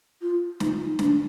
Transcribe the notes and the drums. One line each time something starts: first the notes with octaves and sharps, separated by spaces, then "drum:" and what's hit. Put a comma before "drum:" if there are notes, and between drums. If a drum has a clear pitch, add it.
F4
D#4, drum: snare
D4, drum: snare